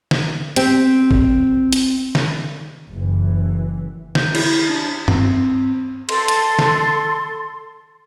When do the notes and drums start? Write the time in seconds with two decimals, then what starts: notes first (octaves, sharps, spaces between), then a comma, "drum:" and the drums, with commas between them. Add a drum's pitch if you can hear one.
0.11 drum: snare
0.56 C4 G4 G5, drum: hi-hat
1.11 drum: kick
1.73 drum: hi-hat
2.15 drum: snare
2.90 F#1 E3
4.15 G6, drum: snare
4.35 E4, drum: cymbal
4.69 D4
5.08 C4, drum: tom G2
6.09 A4 C6, drum: cymbal
6.28 drum: hi-hat
6.59 drum: snare